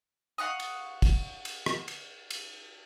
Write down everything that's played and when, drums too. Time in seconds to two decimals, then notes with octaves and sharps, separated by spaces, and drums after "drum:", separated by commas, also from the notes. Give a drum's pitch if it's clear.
0.38 F5 F#5 C#6 D#6
0.60 drum: cymbal
1.02 drum: kick, cymbal
1.45 drum: cymbal
1.66 drum: rim click
1.88 drum: cymbal
2.30 drum: cymbal